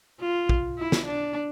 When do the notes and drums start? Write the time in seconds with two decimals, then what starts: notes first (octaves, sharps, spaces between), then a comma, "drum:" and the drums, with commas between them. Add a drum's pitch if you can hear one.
0.20 F4
0.49 drum: kick A#1
0.79 E4
0.92 drum: snare
1.06 D4